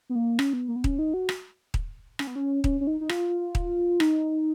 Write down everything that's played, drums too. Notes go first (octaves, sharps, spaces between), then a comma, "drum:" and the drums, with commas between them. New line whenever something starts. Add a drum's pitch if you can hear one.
B3
A#3
C#4, drum: rim click
B3
A#3
B3
C#4, drum: kick D#1
D#4
F#4
drum: rim click
drum: kick D#1
C#4, drum: rim click
B3
C#4
C#4, drum: kick D#1
C#4
D#4
D#4
F4, drum: rim click
drum: kick D#1
D#4, drum: rim click